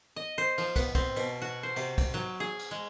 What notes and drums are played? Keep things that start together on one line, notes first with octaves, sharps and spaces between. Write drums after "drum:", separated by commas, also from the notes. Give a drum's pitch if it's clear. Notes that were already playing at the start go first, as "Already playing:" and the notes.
D#5
C5
F3, drum: cymbal
B3, drum: kick, cymbal
C4, drum: kick, cymbal
B2, drum: cymbal
F#4
C5
C3, drum: cymbal
drum: kick, cymbal
F#3
G#4
drum: cymbal
G#3